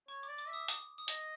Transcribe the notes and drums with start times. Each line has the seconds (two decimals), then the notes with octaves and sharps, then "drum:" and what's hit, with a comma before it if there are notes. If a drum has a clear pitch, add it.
0.08 C#5 C#6
0.23 D5 D6
0.38 D6
0.48 E5
0.53 D#6
0.68 D#6, drum: hi-hat
0.98 D#6
1.08 D#5, drum: hi-hat